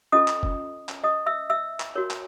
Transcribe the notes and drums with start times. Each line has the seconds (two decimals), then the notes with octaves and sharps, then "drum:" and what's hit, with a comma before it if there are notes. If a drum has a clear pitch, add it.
0.12 C#4 F4 A4 D#5 D#6
0.28 drum: clap
0.43 drum: kick F#1
0.89 drum: clap
1.04 D#5 D#6
1.26 E5 E6
1.50 E5 E6
1.80 drum: clap
1.95 F#4 A#4 C#5
2.10 drum: clap